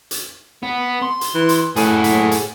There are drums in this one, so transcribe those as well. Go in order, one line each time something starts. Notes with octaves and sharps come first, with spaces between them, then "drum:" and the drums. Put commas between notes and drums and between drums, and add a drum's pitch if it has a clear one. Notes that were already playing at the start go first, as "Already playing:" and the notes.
drum: hi-hat
B3
C6
drum: hi-hat
E3
drum: hi-hat
A2 G#4 F#5, drum: hi-hat
drum: hi-hat
drum: hi-hat